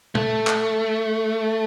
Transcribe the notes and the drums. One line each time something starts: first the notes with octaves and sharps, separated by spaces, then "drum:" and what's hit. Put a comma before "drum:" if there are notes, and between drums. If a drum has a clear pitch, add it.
A3, drum: tom
drum: clap